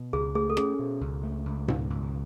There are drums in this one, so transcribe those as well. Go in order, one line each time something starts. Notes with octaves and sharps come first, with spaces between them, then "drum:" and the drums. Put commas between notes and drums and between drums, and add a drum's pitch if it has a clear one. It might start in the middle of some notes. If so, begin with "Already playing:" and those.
Already playing: B2
C#2 G#4
A3 G#4
A4
C#4 G#4, drum: rim click
B2
C#2
A3
C#2
B2, drum: tom G#2
C#2